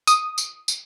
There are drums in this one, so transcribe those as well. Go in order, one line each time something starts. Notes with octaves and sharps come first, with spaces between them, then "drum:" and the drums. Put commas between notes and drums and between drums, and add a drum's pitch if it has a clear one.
D#6, drum: tambourine
drum: tambourine
drum: tambourine